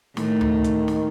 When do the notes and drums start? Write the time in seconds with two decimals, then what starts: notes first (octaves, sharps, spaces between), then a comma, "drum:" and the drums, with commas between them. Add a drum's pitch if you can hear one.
0.17 A2 D#3 A3, drum: snare
0.41 drum: tom D2
0.64 drum: hi-hat
0.88 drum: snare